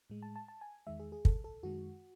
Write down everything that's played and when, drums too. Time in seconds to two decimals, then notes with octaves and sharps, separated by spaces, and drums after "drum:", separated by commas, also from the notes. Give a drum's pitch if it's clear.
0.10 A2 G#3
0.23 A5
0.36 A5
0.48 A5
0.61 G#5
0.87 E2 D#3 G#3 E5
1.00 G#4
1.12 G#4
1.25 A4, drum: kick
1.44 A4
1.63 F#2 D#3 G#3 F#4